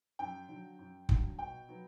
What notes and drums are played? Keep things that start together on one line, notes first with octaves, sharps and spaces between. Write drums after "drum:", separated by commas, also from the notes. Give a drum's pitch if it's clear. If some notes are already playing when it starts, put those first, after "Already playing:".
F#2 G5
D3 F#3
F#2
D3 F#3, drum: kick
B2 G5
F#3 B3